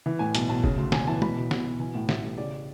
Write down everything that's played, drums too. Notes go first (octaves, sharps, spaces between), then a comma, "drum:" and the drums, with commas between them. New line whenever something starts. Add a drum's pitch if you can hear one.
E3
A2 G#5
B1 A5, drum: hi-hat
B1 A5
C#3, drum: kick F1
D2
E1 G#5, drum: snare
E3 A5
B1 B5, drum: tom
B2
B1, drum: snare
B2
E3 G#5
A2
A1 E5, drum: snare
A1
C#3 D5